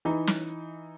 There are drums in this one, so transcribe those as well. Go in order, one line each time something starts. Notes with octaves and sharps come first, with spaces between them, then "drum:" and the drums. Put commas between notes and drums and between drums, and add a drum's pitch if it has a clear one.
E3 D#4
drum: snare